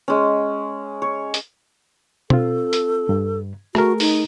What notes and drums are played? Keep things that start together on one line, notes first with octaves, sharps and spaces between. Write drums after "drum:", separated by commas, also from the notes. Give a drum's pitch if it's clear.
G#3 C#4
C#5
drum: hi-hat
C4 F4 A4, drum: tom
drum: hi-hat
G2
A3 F#4 G#4 A#4, drum: rim click
D#4, drum: open hi-hat